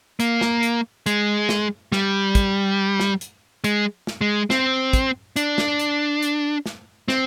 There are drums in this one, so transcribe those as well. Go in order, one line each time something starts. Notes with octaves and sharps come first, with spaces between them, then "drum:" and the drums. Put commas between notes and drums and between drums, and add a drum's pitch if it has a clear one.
A#3, drum: hi-hat
drum: snare
drum: hi-hat
G#3, drum: hi-hat
drum: snare
G3, drum: snare
drum: kick, hi-hat
drum: snare
drum: hi-hat
G#3, drum: hi-hat
drum: snare
G#3
C4, drum: snare
drum: kick, hi-hat
D4, drum: hi-hat
drum: snare
drum: hi-hat
drum: hi-hat
drum: snare
C4, drum: snare